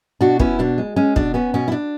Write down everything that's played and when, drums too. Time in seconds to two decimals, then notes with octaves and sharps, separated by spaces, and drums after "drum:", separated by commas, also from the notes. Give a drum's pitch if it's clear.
0.21 B2 D4 F#4
0.40 B3 C#4 E4, drum: kick
0.59 B2 D4
0.78 G#3
0.96 G#3 C#4
1.16 B2 D4, drum: kick
1.34 B3 C#4
1.54 B2 C#4
1.68 E4
1.72 D4